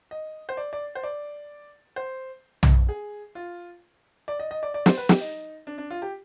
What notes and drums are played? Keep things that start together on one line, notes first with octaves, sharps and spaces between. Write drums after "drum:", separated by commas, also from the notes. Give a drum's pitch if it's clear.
D#5
C5
D5
D5
C5
D5
C5
drum: tom
G#4
F4
D5
D#5
D#5
D5
D5
C5, drum: snare
B4
G4, drum: snare
D#4
D4
D4
F4
G4